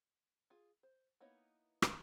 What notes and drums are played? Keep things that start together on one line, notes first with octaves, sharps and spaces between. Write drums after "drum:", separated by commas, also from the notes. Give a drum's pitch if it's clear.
F4 G#4
C5
A#3 B3 D#4 E4 C#5
drum: rim click